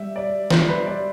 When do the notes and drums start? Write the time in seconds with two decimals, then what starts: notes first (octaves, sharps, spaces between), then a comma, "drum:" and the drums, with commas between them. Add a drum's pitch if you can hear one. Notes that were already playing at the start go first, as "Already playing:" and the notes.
Already playing: G3 E5
0.16 D5
0.50 G3 C5, drum: snare
0.68 B4
0.87 D5